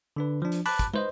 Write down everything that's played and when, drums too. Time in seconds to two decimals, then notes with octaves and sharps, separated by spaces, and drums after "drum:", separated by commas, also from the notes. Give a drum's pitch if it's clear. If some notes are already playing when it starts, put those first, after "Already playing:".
0.16 D3 D4 B4
0.42 F3 D4
0.52 drum: hi-hat
0.66 A5 B5 D6 F#6, drum: open hi-hat
0.79 drum: kick, hi-hat
0.93 B4 C5 D#5, drum: tom